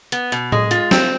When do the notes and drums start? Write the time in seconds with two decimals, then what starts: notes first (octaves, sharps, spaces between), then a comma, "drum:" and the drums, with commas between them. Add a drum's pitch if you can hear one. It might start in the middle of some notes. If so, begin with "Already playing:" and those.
0.12 B3, drum: hi-hat
0.32 B2, drum: hi-hat
0.52 G#3, drum: tom A2
0.71 F4, drum: hi-hat
0.91 C4, drum: snare